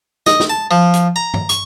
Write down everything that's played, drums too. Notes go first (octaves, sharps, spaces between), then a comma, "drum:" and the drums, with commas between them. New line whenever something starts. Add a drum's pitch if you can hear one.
D#5, drum: snare
drum: snare
A5
F3
drum: hi-hat
A#5
drum: tom
C#6, drum: hi-hat